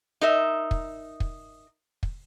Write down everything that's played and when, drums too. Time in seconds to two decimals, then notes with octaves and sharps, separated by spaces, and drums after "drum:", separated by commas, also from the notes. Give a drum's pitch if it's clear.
0.21 D#4 A#4 E5
0.71 drum: kick
1.20 drum: kick
2.03 drum: kick